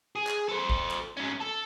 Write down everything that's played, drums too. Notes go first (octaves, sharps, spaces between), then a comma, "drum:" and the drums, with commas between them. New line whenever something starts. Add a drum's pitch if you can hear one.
G#4
drum: clap
A4 C5
drum: kick
drum: clap
G#2 C#4
A4